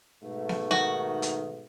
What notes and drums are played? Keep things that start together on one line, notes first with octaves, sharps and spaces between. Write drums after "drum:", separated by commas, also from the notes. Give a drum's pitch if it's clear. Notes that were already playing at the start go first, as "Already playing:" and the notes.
G#2 B2 A3
drum: snare
D#3 F#4, drum: snare
drum: hi-hat